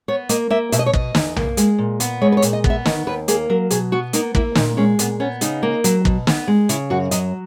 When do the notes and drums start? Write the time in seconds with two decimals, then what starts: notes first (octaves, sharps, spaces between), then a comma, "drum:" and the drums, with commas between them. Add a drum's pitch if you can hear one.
0.08 B3 C#5
0.29 A#3 D#5, drum: hi-hat
0.50 A#3 E5
0.72 B2 E5, drum: hi-hat
0.79 D#5
0.86 C#5
0.93 B2 D#5, drum: kick
1.15 E2, drum: snare
1.36 A#3, drum: tom B1
1.57 G#3, drum: hi-hat
1.78 A#2
2.00 B3, drum: hi-hat
2.21 G#3 C#5
2.32 B4
2.37 C#5
2.42 A#2, drum: hi-hat
2.53 D#5
2.64 B3, drum: kick
2.70 E5
2.85 D#3 D#5, drum: snare
3.07 D#2 B4
3.28 A#3 G#4, drum: hi-hat
3.50 F#3 A#4
3.70 B2 G#4, drum: hi-hat
3.92 B3 F#4
4.13 A#3 D#4, drum: hi-hat
4.35 A#3 E4, drum: kick
4.55 A#2 D#4, drum: snare
4.77 G#3 C#4
4.99 A#2 B3, drum: hi-hat
5.20 B3 C#4
5.41 C#3 D#4, drum: hi-hat
5.63 A#3
5.84 F#3, drum: hi-hat
6.05 B2, drum: kick
6.27 B3, drum: snare
6.48 G#3
6.69 C#3 E4, drum: hi-hat
6.90 F#2 F#4
7.11 F#3 D#5, drum: hi-hat